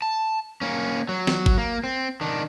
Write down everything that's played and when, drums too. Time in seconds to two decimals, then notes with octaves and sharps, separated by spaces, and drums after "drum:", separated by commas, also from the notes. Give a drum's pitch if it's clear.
0.02 A5
0.61 A#3 C#4
1.09 F#3
1.27 drum: snare
1.46 drum: kick G#1
1.58 A#3
1.84 C4
2.21 D#3 D4